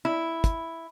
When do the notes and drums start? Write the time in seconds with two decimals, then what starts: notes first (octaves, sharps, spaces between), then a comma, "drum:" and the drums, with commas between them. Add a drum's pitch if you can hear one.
0.05 E4
0.44 drum: kick, hi-hat